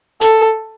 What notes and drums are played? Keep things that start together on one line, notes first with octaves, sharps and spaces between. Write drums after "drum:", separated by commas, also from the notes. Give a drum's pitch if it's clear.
A4, drum: tambourine